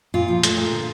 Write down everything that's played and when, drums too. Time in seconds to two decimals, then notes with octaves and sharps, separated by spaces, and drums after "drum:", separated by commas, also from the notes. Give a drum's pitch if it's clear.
0.14 A#2 F4
0.28 F3
0.43 A3, drum: hi-hat
0.57 A#2
0.72 D3